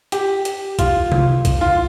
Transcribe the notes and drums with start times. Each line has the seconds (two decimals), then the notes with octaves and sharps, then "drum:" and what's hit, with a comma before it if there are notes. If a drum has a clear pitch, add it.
0.12 G4, drum: hi-hat
0.45 drum: hi-hat
0.79 F4, drum: kick, hi-hat
1.12 drum: tom C3
1.45 drum: kick, hi-hat
1.61 F4